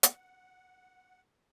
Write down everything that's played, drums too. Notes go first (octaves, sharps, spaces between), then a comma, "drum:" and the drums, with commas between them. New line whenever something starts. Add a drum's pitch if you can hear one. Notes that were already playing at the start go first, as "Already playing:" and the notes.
F#5, drum: hi-hat